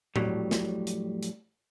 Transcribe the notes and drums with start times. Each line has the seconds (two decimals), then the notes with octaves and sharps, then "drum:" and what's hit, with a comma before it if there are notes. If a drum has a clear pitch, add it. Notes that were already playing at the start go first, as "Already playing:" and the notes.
0.16 F2 A2 F#3 G3, drum: tom A2
0.51 drum: snare
0.87 drum: hi-hat
1.23 drum: hi-hat